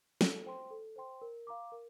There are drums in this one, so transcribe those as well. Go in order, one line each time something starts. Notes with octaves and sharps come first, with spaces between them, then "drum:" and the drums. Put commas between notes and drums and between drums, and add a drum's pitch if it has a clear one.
A4, drum: snare
C5 G5 C6
A4
C5 G5 C6
A#4
F5 A#5 D6
A#4